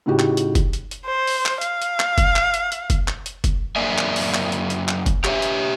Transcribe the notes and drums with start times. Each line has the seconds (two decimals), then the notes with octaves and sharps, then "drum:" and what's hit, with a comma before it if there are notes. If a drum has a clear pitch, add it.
0.06 A2 C#3 D#4 F#4 G4
0.19 drum: clap
0.37 drum: hi-hat
0.55 drum: kick F#1, hi-hat
0.73 drum: hi-hat
0.91 drum: hi-hat
1.06 C5
1.27 drum: open hi-hat
1.45 drum: clap
1.61 F5, drum: hi-hat
1.82 drum: hi-hat
2.00 drum: clap
2.18 drum: kick F#1, hi-hat
2.36 drum: clap
2.54 drum: hi-hat
2.72 drum: hi-hat
2.90 drum: kick F#1, hi-hat
3.08 drum: clap
3.26 drum: hi-hat
3.44 drum: kick F#1, hi-hat
3.76 F#2 A#3 D5 E5 G#5
3.98 drum: clap
4.16 drum: open hi-hat
4.34 drum: clap
4.52 drum: hi-hat
4.70 drum: hi-hat
4.88 drum: clap
5.06 drum: kick F#1, hi-hat
5.24 G4 C#5 E5, drum: clap
5.42 drum: hi-hat